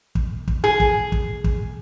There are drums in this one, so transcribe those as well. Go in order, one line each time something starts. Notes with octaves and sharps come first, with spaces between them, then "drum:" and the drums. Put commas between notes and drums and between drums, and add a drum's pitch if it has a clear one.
drum: kick
drum: kick
G#4
drum: kick
drum: kick
drum: kick